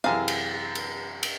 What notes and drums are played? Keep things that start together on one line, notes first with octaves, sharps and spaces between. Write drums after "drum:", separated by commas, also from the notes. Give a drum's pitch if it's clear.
F#2 C3 E3 G#4 F5
drum: cymbal
drum: cymbal
drum: cymbal